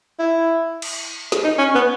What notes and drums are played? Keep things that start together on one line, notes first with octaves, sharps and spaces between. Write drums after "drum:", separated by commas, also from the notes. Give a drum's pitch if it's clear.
E4
drum: cymbal
drum: snare
D#4
C#4
B3